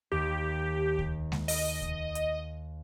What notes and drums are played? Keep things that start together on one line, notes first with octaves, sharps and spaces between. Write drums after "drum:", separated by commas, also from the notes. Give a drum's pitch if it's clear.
D#2 G4
drum: kick C#2
drum: snare G#3
D#5, drum: open hi-hat
drum: kick C#2
drum: hi-hat